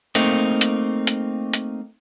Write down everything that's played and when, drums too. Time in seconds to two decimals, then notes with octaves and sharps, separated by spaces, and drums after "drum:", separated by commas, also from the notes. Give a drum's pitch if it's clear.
0.15 A3 A#3 C4 D#4, drum: hi-hat
0.61 drum: hi-hat
1.07 drum: hi-hat
1.53 drum: hi-hat